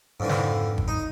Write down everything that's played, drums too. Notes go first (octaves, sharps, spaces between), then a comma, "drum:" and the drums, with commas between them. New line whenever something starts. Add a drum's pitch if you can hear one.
F2 G#2 D3 E3
drum: snare
drum: kick
D#4